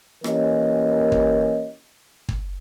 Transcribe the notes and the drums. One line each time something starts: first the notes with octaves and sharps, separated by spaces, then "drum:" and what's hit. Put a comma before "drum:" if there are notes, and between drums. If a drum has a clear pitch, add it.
E3 A#3 C#4 G4 A#4 D#5, drum: rim click
drum: kick
drum: kick